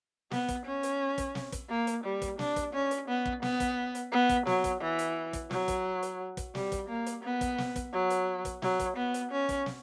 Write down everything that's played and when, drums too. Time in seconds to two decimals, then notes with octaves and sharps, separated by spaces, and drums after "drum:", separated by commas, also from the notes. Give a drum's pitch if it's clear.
0.31 B3, drum: snare
0.49 drum: kick, hi-hat
0.66 C#4
0.83 drum: hi-hat
1.18 drum: kick, hi-hat
1.35 drum: snare
1.52 drum: kick, hi-hat
1.70 A#3
1.87 drum: hi-hat
2.04 G3
2.22 drum: kick, hi-hat
2.39 D4, drum: snare
2.56 drum: kick, hi-hat
2.74 C#4
2.91 drum: hi-hat
3.08 B3
3.26 drum: kick
3.43 B3, drum: snare
3.60 drum: kick, hi-hat
3.95 drum: hi-hat
4.12 B3
4.29 drum: kick, hi-hat
4.47 F#3, drum: snare
4.64 drum: kick, hi-hat
4.81 E3
4.99 drum: hi-hat
5.33 drum: kick, hi-hat
5.51 F#3, drum: snare
5.68 drum: kick, hi-hat
6.03 drum: hi-hat
6.37 drum: kick, hi-hat
6.55 G3, drum: snare
6.72 drum: kick, hi-hat
6.89 A#3
7.06 drum: hi-hat
7.24 B3
7.41 drum: kick, hi-hat
7.58 drum: snare
7.76 drum: kick, hi-hat
7.93 F#3
8.10 drum: hi-hat
8.45 drum: kick, hi-hat
8.62 F#3, drum: snare
8.80 drum: kick, hi-hat
8.97 B3
9.14 drum: hi-hat
9.32 C#4
9.49 drum: kick, hi-hat
9.66 drum: snare